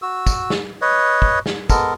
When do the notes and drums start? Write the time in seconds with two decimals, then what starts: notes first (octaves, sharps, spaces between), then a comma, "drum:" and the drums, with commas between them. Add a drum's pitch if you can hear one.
0.02 F#4 E6
0.27 drum: kick, tambourine
0.50 drum: snare
0.82 B4 C#5 D#5
1.22 drum: kick
1.46 drum: snare
1.70 G#3 B3 A4 A#4, drum: kick, tambourine